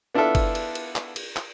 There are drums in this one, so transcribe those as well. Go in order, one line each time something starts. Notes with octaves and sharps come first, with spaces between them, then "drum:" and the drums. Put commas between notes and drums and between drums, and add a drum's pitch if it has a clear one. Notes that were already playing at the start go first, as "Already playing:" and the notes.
B3 D4 E4 F4 A4 E5
drum: kick G1, cymbal
drum: cymbal
drum: cymbal
drum: clap
drum: cymbal
drum: clap